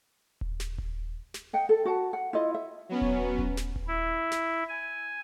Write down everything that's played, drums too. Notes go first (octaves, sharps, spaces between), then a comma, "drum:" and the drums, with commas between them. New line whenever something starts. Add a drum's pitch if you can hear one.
drum: kick D#1
drum: snare
drum: kick D#1
drum: snare
D#5 F#5 G5
A4
F#4 F#5 A5
F#5
E4 F4 D#5
E5
F#3 B3 C#4
drum: kick D#1
drum: kick D#1
drum: snare
drum: kick D#1
E4
drum: snare
G#5